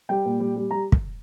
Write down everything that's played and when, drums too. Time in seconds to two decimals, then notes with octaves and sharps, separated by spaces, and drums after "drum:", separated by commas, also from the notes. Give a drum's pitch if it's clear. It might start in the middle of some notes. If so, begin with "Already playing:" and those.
0.09 G3 G5
0.26 A#2
0.40 G3
0.56 G3
0.71 G3 A#5
0.92 drum: kick